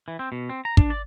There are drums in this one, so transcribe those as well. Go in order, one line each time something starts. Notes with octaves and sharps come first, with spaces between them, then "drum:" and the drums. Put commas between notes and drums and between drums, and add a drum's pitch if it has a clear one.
E3
C4
B2
C4
A#5
D4, drum: kick
D5